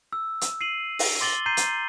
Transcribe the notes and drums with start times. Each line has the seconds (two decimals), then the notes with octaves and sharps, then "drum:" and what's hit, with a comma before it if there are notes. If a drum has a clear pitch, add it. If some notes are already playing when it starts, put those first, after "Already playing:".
0.13 E6
0.41 drum: hi-hat
0.61 C7 D#7 F#7
0.99 drum: open hi-hat
1.21 C6 D6 A6 F#7 G7
1.46 A#5 C6 G6 C7 D#7
1.57 drum: hi-hat